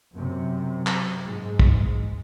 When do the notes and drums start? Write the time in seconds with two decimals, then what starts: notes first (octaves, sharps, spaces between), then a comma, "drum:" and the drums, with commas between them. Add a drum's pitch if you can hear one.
0.14 F#2 C3
0.87 drum: clap
1.24 G#2 G#3
1.59 drum: kick